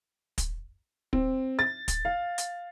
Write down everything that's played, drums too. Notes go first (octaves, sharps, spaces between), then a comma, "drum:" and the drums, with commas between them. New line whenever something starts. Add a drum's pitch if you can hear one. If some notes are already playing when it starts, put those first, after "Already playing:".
drum: kick, hi-hat
C4, drum: kick
A6
drum: kick, hi-hat
F5
drum: hi-hat